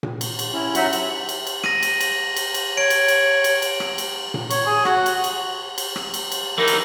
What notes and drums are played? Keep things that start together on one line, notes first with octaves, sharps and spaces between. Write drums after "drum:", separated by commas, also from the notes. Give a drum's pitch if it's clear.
drum: tom A#2
drum: cymbal
drum: cymbal
C#4 E4
F#3 D#4 F#4 E5 F#5, drum: cymbal
drum: cymbal
drum: cymbal
drum: cymbal
A#6 D#7, drum: rim click
drum: cymbal
drum: cymbal
drum: cymbal
drum: cymbal
C#5 D7
drum: cymbal
drum: cymbal
drum: cymbal
drum: cymbal
drum: rim click
drum: cymbal
drum: tom A#2
C#5, drum: cymbal
G#4
F#4, drum: rim click
drum: cymbal
drum: cymbal
drum: cymbal
drum: rim click
drum: cymbal
drum: cymbal
E3 D#4 A#4
drum: cymbal